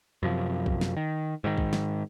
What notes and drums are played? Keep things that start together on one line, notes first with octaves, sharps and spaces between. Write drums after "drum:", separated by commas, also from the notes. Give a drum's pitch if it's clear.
F#2 C3 F3
drum: kick
drum: snare
D#3
G#2 D#3
drum: kick
drum: snare